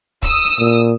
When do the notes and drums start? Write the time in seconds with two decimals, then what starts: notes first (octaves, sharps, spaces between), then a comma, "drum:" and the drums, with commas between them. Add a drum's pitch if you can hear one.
0.23 D#6 E6, drum: kick, hi-hat
0.45 drum: hi-hat
0.59 A#2